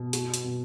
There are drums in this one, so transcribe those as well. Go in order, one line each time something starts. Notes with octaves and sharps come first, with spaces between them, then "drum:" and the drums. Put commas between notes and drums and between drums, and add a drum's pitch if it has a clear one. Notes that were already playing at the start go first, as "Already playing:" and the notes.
Already playing: B2
F#4, drum: hi-hat
drum: hi-hat
B2